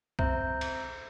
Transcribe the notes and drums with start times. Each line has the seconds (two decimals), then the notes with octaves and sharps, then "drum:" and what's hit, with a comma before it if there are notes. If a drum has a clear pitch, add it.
0.19 C4 C5 E5 A#5 G6, drum: kick
0.61 drum: cymbal